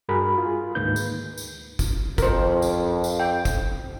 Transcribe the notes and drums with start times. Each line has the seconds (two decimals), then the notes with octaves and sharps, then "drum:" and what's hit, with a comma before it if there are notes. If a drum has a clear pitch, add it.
0.09 G2 F#4 G#4 A#4 B5
0.38 F4 G#4
0.75 D2 G#2 D#3 A#3 B4 G6
0.96 drum: tambourine
1.38 drum: tambourine
1.79 drum: kick, tambourine
2.18 F2 A#4 C5, drum: kick, tambourine
2.62 drum: tambourine
3.04 drum: tambourine
3.20 G5
3.45 drum: kick, tambourine